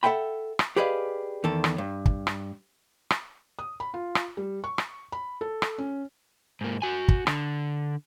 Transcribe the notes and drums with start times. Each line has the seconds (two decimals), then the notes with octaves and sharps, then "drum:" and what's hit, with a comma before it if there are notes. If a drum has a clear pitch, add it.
0.03 A4 E5 F#5 G5 B5
0.59 drum: rim click
0.76 G4 G#4 B4 D5 D#5 F5
1.44 E2 D#3 A4
1.64 drum: rim click
1.78 G2
2.06 drum: kick
2.27 drum: rim click
3.10 drum: rim click
3.59 D#6
3.80 B5
3.94 F4
4.15 drum: rim click
4.37 G3
4.64 C#6
4.78 drum: rim click
5.12 B5
5.41 A4
5.62 drum: rim click
5.78 C#4
6.61 G#2 A#3
6.82 F#4 G#5
7.09 drum: kick
7.27 D3, drum: rim click